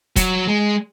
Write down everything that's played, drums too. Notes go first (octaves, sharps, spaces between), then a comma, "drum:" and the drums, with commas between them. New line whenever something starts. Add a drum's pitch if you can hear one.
F#3, drum: kick, hi-hat
G#3